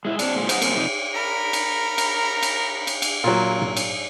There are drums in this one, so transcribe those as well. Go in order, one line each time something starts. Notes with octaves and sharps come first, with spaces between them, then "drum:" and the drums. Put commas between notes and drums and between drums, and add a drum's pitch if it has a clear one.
G#3 E4
C4 D4, drum: cymbal
A#2 G#3 C5
C5 C#5 D#5 F#5, drum: cymbal
A#3 C4 C#4 C5, drum: cymbal
F2 C3 D#4
A#4 A#5 B5
drum: cymbal
drum: cymbal
drum: cymbal
drum: cymbal
drum: cymbal
A#2 F#3
drum: tom
drum: cymbal